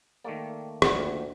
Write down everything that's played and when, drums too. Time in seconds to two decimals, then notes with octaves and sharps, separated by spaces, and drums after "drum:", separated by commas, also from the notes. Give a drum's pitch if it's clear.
0.24 D#3 A3 A#3 D5 G5
0.82 D2 A#2 D#3 D5 F#5 G5, drum: rim click